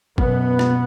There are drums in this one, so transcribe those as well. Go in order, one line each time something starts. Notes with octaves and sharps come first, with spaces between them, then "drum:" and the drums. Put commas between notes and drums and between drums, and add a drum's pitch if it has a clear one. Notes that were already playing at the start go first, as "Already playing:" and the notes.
F#2 B2 B3, drum: kick G1
drum: rim click